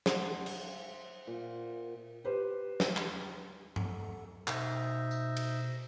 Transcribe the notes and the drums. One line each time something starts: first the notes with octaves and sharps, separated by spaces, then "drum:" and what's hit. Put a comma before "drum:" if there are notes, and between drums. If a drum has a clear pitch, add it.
C5 F#5, drum: snare
drum: cymbal
A#2
G4 B4 C5
drum: snare
drum: clap
A4 F#5, drum: tom G2
B2 D#4 C5 E5 A#6, drum: clap
drum: tambourine
drum: cymbal